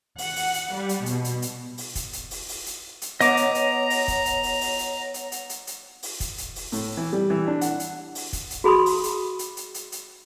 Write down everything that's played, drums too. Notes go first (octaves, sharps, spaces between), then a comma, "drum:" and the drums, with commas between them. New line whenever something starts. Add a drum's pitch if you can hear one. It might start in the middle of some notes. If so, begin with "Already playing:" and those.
F#5, drum: open hi-hat
drum: open hi-hat
drum: hi-hat
G3
drum: hi-hat
B2, drum: hi-hat
drum: hi-hat
drum: hi-hat
drum: open hi-hat
drum: kick, hi-hat
drum: hi-hat
drum: open hi-hat
drum: open hi-hat
drum: hi-hat
drum: hi-hat
B3 C#5 D#5 F#5 A#5 D6, drum: hi-hat
drum: hi-hat
drum: hi-hat
drum: open hi-hat
drum: kick, hi-hat
drum: hi-hat
drum: open hi-hat
drum: open hi-hat
drum: hi-hat
drum: hi-hat
drum: hi-hat
drum: hi-hat
drum: hi-hat
drum: open hi-hat
drum: kick, hi-hat
drum: hi-hat
drum: open hi-hat
A2, drum: open hi-hat
E3
G3
E3
D4
F#5, drum: hi-hat
drum: hi-hat
drum: open hi-hat
drum: kick, hi-hat
drum: hi-hat
F#4 G#4 B5 C6 D#6
drum: open hi-hat
drum: hi-hat
drum: hi-hat
drum: hi-hat
drum: hi-hat
drum: hi-hat